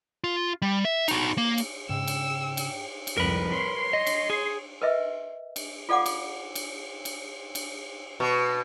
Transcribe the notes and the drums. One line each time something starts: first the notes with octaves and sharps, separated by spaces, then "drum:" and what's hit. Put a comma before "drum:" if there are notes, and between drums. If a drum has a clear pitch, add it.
F4
G3
E5
D#4 F#4, drum: cymbal
A#3
drum: cymbal
G#2 C#3 G5 E6
drum: cymbal
drum: cymbal
drum: cymbal
C2 F2 G#2 A#4 B4
C#5 C6 C7
D#5
drum: cymbal
G#4
A#4 B4 D#5 E5
drum: cymbal
F4 A4 D5 F5 F#5 D6
drum: cymbal
drum: cymbal
drum: cymbal
drum: cymbal
B2